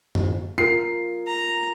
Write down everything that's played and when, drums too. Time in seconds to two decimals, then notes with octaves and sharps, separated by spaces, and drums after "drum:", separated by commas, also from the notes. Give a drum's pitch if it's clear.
0.15 drum: tom F#2
0.58 F4 A#4 C7
1.27 A#5